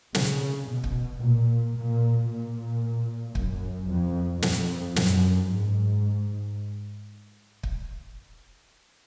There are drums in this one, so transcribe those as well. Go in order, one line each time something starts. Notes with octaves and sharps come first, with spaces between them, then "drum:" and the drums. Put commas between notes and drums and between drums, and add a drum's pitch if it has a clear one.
C#3, drum: snare
B2
drum: kick
A#2
A#2
A#2
F#2, drum: kick
F2
F2, drum: snare
F#2, drum: snare
G#2
drum: kick